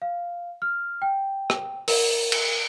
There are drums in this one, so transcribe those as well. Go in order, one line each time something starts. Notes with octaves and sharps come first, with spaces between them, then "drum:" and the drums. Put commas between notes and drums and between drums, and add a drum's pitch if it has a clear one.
F5
F6
G5
drum: rim click
A#4, drum: open hi-hat
drum: cymbal